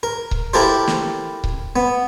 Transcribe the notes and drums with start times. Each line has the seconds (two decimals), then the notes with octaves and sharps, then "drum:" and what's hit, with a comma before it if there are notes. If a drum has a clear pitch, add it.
0.03 A#4
0.31 drum: kick C#1
0.54 E4 G4 A4 A#4 C5
0.87 drum: snare
1.44 drum: kick C#1
1.76 B3